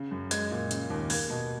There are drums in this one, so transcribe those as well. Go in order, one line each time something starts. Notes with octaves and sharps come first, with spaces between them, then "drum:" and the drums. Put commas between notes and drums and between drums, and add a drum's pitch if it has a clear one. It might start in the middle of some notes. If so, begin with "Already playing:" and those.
Already playing: C#3
F#2
G#3 G#6, drum: hi-hat
A#2
C#3, drum: hi-hat
D#2
A#3 G#6, drum: open hi-hat
B2